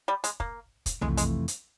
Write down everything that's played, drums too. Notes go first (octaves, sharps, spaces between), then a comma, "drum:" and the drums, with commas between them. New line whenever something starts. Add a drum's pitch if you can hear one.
G3
G#3, drum: hi-hat
A#3, drum: kick
drum: kick, hi-hat
F2 C3 E3 G#3 A3, drum: tom B1
G#3, drum: hi-hat
drum: hi-hat